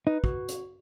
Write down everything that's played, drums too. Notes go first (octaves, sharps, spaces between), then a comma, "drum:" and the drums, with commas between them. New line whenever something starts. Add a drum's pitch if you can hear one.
D#4 B4
F#4, drum: kick
drum: hi-hat